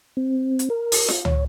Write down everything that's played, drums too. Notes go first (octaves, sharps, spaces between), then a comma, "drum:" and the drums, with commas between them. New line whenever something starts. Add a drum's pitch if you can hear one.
C4
drum: hi-hat
A#4
drum: open hi-hat
drum: snare F4
C#5, drum: tom C#2